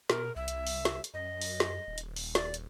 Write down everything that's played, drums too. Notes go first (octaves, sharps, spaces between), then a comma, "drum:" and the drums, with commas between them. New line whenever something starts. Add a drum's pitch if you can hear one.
B2 A#4, drum: snare
C2 E5
drum: hi-hat
drum: open hi-hat
drum: snare
drum: hi-hat
F#2 D#5
drum: open hi-hat
drum: snare
D#1
drum: hi-hat
drum: open hi-hat
D5, drum: snare
drum: hi-hat